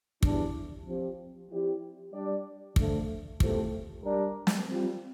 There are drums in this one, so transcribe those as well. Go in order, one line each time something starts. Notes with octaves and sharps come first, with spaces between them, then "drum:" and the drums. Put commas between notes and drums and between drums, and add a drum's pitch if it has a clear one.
E2 E3 G3 D4, drum: kick
F3 C4 G4
F3 C4 E4 G4 D5
G3 D4 G4 D5
D3 F3 A3, drum: kick
E2 C3 F3 A3, drum: kick
G3 D4 G4 A#4 D5
drum: snare
G3 C4 F4